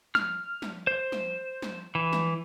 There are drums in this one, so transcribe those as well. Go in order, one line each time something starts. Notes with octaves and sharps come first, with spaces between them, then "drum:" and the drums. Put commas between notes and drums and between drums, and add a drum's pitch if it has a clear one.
F6, drum: snare
drum: snare
C5
drum: snare
drum: snare
E3
drum: snare